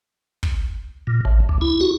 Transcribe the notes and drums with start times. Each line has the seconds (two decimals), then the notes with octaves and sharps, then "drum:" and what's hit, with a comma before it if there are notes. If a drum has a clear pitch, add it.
0.43 drum: kick
1.07 A#2
1.25 A1
1.49 D2
1.61 E4
1.81 F#4